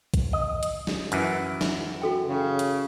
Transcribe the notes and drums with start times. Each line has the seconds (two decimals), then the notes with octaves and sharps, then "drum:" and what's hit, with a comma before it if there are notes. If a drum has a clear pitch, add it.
0.14 drum: kick, hi-hat
0.33 D#5
0.63 drum: hi-hat
0.87 drum: snare
1.12 F#2 E3, drum: hi-hat
1.61 drum: snare
2.02 F#4 A4 G5
2.28 C#3
2.59 drum: hi-hat